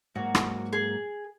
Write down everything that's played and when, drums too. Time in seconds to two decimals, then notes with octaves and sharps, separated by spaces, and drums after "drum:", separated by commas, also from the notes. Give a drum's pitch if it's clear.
0.15 G#2 F#3 A#3 F#4
0.35 drum: rim click
0.73 G#4